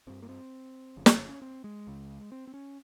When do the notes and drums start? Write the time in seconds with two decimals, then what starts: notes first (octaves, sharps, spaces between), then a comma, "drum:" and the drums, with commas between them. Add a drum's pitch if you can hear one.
0.07 G#1 G2 C4
0.22 A#3
0.29 C4
0.97 F1 F2 C#3
1.06 drum: snare
1.29 C#4
1.42 C4
1.64 G#3
1.87 C#2 C#3
2.32 C4
2.47 C4
2.54 C#4